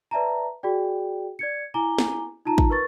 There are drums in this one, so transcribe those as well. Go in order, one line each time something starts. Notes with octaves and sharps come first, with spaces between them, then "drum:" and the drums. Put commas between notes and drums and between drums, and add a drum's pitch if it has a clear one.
B4 D5 E5 A5 A#5
F#4 G#4 D5 G5
D5 G#6 C#7
E4 G#5 A#5 D6 G7
drum: snare
D#4 F4 A5 A#5
drum: kick
A#4 B4 C#6 A6